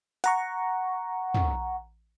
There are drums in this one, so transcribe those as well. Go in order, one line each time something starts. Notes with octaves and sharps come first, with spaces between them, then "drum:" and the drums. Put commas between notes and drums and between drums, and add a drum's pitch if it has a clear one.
F#5 A#5 C#6, drum: hi-hat
drum: tom